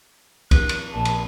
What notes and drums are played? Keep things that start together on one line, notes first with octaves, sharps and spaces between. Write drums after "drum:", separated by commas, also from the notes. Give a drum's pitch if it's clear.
F#6, drum: kick, cymbal
drum: cymbal
A#1 A5
drum: cymbal